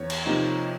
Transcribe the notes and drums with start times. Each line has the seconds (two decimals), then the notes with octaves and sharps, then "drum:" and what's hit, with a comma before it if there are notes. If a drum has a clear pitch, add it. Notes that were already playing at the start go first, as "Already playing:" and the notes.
Already playing: E2 C#5
0.10 drum: cymbal
0.26 C3 F3 A#3 D#4